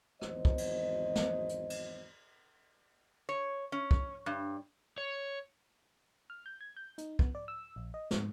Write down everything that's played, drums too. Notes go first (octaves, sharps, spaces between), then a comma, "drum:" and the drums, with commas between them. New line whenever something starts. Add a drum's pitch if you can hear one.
G#1 E2 F#3 C5 D#5, drum: rim click
drum: kick
drum: cymbal
drum: snare
drum: hi-hat
drum: cymbal
C#5
C#4
drum: kick
G2
C#5
F6
G6
G#6
G6
D#4, drum: hi-hat
B3, drum: kick
D5
E6
A#1
D#5
G#2, drum: snare